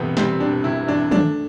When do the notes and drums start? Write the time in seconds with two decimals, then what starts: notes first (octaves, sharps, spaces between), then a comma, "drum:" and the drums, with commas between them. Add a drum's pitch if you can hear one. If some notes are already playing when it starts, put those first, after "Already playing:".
Already playing: E1 E2 C3 G3 A3 B3
0.17 G3 C4, drum: snare
0.40 E1 D4
0.64 C3 E4
0.88 E2 D4
1.11 A3 D4, drum: tom